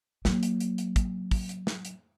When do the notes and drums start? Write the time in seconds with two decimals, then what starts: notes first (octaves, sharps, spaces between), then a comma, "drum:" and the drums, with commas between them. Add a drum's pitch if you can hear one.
0.25 F#3 A#3, drum: snare
0.43 drum: hi-hat
0.60 drum: hi-hat
0.78 drum: hi-hat
0.96 drum: kick, hi-hat
1.31 drum: kick, open hi-hat
1.49 drum: hi-hat
1.67 drum: snare
1.85 drum: hi-hat